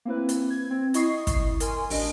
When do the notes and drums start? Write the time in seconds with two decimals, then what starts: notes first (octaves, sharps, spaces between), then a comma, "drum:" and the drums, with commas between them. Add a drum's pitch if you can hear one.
0.05 A#3 C4 E4 B4
0.29 drum: hi-hat
0.50 G#6
0.70 C4
0.94 E4 D#5 C#6 D#6 C7, drum: hi-hat
1.27 drum: kick, hi-hat
1.60 A#4 G#5 C6, drum: hi-hat
1.90 A1 D4 D#5, drum: open hi-hat